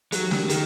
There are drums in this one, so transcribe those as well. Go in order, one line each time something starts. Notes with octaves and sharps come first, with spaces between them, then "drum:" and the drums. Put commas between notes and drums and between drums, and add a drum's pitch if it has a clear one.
F#3 A#3 D#4 G4, drum: hi-hat
drum: snare
D#3, drum: hi-hat